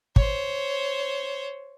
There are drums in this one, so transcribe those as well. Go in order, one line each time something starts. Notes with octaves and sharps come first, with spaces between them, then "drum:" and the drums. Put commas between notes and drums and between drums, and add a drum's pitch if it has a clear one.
C5 C#5, drum: kick